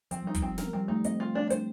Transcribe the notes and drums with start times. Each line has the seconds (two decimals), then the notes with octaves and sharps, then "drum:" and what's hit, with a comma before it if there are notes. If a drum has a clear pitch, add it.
0.11 F3 C4, drum: hi-hat
0.23 G3
0.27 D#4
0.34 G3, drum: kick, hi-hat
0.42 C4
0.58 F3 A#4, drum: snare
0.73 G3 C4
0.88 A3 D#4
1.04 C4 D#5, drum: hi-hat
1.20 F4
1.35 D4
1.50 D4 C5, drum: hi-hat